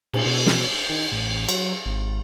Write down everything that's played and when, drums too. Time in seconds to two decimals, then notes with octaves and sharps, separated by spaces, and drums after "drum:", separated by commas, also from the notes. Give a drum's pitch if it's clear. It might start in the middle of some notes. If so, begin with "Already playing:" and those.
0.13 A#2, drum: cymbal
0.26 B2
0.46 drum: snare
0.89 D#3
1.12 A1
1.49 F#3, drum: cymbal
1.86 G#1